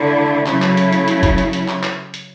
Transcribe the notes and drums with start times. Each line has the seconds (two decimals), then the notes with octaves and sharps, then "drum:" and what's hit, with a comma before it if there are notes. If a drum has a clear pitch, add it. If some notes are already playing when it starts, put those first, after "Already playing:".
Already playing: D3 A3 E4
0.46 C#3 F#3 A3 E4, drum: clap
0.62 drum: clap
0.77 drum: hi-hat
0.92 drum: hi-hat
1.08 drum: hi-hat
1.23 drum: kick F1, hi-hat
1.38 drum: hi-hat
1.53 drum: hi-hat
1.68 drum: clap
1.83 drum: clap
2.14 drum: hi-hat